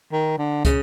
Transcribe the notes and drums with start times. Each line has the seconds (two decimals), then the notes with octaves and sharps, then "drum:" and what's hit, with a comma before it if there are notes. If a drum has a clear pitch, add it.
0.12 D#3
0.38 D3
0.65 C#3, drum: kick, hi-hat